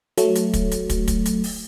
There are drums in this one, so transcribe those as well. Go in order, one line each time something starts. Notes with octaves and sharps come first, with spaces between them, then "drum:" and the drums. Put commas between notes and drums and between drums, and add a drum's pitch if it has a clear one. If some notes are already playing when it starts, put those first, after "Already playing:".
F#3 A3, drum: hi-hat
drum: hi-hat
drum: kick, hi-hat
drum: hi-hat
drum: kick, hi-hat
drum: kick, hi-hat
drum: hi-hat
drum: open hi-hat